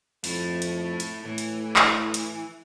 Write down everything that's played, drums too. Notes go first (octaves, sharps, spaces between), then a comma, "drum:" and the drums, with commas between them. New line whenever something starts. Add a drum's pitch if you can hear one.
F2 A3 E4, drum: open hi-hat
drum: hi-hat
drum: hi-hat
A2 E3
drum: hi-hat
drum: clap
drum: hi-hat